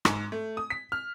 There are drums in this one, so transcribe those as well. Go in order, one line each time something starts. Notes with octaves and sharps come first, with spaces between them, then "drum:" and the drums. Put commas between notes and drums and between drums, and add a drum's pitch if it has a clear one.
G#2, drum: rim click
A3
D#6
B6
F6